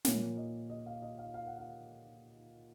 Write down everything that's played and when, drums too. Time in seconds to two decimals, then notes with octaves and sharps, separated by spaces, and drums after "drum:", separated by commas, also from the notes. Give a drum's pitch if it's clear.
0.05 A#2 F3 A#3 C#5, drum: snare
0.37 D#5
0.70 D#5
0.86 F5
1.02 D#5
1.18 F5
1.34 F5
1.47 F#5
1.58 F5